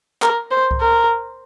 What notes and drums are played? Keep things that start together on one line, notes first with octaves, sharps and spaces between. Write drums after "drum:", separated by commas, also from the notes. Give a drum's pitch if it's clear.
A#4, drum: clap
C5
drum: kick C2
A#4